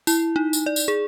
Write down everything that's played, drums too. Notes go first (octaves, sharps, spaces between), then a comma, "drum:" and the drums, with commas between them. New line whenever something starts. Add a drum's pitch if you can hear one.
E4, drum: tambourine
D#4
drum: tambourine
D5
drum: tambourine
G#4